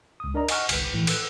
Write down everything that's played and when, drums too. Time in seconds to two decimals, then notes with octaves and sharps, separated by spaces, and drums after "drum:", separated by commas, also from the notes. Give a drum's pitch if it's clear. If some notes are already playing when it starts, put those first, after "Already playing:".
0.20 C#2 D#6
0.34 D4 A#4 D5 D#5 A#5
0.49 D#5 F#5 G#5 C#6 F6 F#6, drum: cymbal
0.69 G1 C2 B4, drum: cymbal
0.92 A#1 A2 E3
1.07 A4 B4 E6 F#6, drum: cymbal